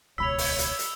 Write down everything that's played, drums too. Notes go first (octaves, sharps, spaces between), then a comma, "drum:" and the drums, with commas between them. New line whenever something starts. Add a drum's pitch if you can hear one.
D#1 C#2 B2 C#5 B5 E6 B6 F7
drum: open hi-hat
drum: hi-hat
drum: hi-hat